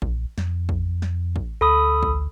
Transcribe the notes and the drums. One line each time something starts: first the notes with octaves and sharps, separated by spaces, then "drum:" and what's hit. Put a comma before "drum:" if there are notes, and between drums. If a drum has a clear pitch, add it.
A#1, drum: kick
F2, drum: snare
drum: kick
drum: snare
drum: kick
D2 A4 B5 D#6
drum: kick